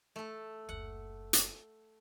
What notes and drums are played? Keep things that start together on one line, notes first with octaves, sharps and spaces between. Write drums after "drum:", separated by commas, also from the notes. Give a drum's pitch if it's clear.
A3 A4
F#1 D2 F#5
drum: hi-hat